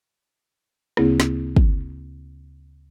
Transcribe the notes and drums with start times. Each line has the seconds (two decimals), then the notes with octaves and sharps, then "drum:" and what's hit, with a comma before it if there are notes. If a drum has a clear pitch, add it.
0.97 D2 C#3 A#3 C4 E4 G#4, drum: rim click
1.20 drum: snare
1.56 drum: kick